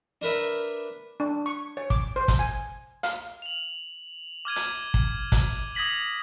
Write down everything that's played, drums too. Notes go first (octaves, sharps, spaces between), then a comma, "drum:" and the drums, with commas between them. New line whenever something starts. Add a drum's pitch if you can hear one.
D4 A#4 B4 E5
D4
C#6
C#5
D6, drum: kick
C5
drum: kick, hi-hat
G#5
F5, drum: hi-hat
F7 F#7
D6 F6 G#6 D#7
drum: hi-hat
drum: kick
drum: kick, hi-hat
D#6 G#6 A#6 B6 F#7